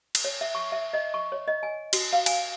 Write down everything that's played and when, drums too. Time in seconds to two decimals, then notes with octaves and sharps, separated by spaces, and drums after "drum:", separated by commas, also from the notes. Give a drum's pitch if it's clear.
0.15 drum: cymbal
0.24 C#5
0.41 E5
0.55 C#6
0.72 E5
0.93 D#5
1.14 C#6
1.32 C#5
1.48 D#5
1.63 G#5
1.93 F#4, drum: cymbal
2.13 F5
2.26 G#5, drum: cymbal